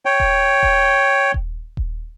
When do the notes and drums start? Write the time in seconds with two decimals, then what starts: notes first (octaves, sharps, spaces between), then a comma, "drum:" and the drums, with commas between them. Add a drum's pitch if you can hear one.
0.05 C#5 G5
0.20 drum: kick D#1
0.63 drum: kick D#1
1.34 drum: kick D#1
1.77 drum: kick D#1